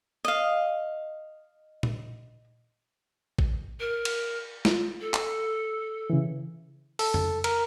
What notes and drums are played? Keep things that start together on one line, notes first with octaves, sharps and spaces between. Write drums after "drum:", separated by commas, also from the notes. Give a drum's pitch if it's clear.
D#5 F5
drum: tom A#2
drum: kick A1
A#4
drum: cymbal
F4, drum: snare
A4
drum: clap
C#3 E3
A4, drum: open hi-hat
drum: tom F2
A#4, drum: cymbal